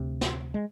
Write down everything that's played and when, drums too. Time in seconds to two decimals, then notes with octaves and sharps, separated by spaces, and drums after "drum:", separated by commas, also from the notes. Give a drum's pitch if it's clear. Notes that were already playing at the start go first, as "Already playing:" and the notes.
Already playing: D2 C3
0.21 drum: snare
0.54 G#3